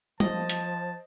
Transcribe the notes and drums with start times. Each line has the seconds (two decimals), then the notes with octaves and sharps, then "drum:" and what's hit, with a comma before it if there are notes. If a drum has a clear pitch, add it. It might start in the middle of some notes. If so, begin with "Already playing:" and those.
0.20 F3 C5 D#5 A5, drum: tom
0.50 drum: hi-hat